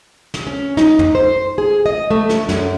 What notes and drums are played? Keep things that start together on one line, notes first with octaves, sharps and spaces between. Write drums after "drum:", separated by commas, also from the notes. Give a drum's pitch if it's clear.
drum: snare
C#4
D#4, drum: snare
drum: tom
C5
G#4
D#5
A3
drum: snare
F#2, drum: snare